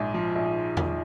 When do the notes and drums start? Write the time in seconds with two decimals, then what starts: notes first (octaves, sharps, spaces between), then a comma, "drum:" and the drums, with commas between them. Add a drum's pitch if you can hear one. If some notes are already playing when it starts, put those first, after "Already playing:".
Already playing: A#1 G#2
0.14 F3
0.35 A#1
0.77 drum: tom E2